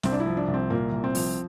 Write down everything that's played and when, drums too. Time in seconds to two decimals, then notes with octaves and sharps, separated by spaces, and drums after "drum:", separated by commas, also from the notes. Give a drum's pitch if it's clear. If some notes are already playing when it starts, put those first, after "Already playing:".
0.03 C2 C4, drum: snare
0.12 D4
0.20 E4
0.26 F3
0.37 D4
0.48 C2
0.54 C4
0.70 A#2 A#3
0.92 C2
1.04 C4
1.15 F3, drum: open hi-hat